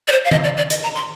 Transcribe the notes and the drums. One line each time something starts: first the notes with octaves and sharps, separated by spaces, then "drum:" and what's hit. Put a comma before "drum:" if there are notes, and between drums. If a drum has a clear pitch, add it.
D5
C5
F5
D#5, drum: tom D#3
D5
D5
D#5, drum: hi-hat
A#5
C6